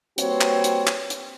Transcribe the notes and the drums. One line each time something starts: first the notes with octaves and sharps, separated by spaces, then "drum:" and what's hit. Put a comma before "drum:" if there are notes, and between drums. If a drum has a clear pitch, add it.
G3 A#3 C4 F#4 B4 C#5, drum: hi-hat
drum: clap
drum: hi-hat
drum: clap
drum: hi-hat